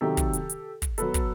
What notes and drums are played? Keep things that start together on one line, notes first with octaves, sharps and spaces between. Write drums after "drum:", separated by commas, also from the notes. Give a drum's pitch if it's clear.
C3 D#3 F#3 G4 A4
drum: kick, hi-hat
drum: hi-hat
drum: hi-hat
drum: kick, hi-hat
B2 F#3 A4 B4, drum: hi-hat
drum: kick, hi-hat